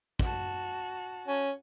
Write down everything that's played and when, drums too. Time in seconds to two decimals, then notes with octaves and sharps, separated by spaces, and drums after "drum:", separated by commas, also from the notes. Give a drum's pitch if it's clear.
0.19 F#4 A5, drum: kick
1.27 C#4